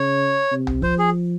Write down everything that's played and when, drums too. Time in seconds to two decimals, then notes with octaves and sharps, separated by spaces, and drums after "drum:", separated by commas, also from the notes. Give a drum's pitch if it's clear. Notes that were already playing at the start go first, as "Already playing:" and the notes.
Already playing: C#3 C#5
0.52 C3
0.67 drum: tom C2
0.82 F3 C5, drum: kick
0.99 G#4